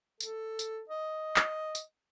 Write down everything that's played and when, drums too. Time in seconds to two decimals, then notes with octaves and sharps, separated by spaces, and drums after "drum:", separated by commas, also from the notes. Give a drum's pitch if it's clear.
0.20 A4, drum: tambourine
0.59 drum: tambourine
0.89 D#5
1.36 drum: clap
1.75 drum: tambourine